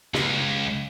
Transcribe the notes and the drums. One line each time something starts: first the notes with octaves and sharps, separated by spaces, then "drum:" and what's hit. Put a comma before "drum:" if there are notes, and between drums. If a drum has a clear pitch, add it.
C#2, drum: snare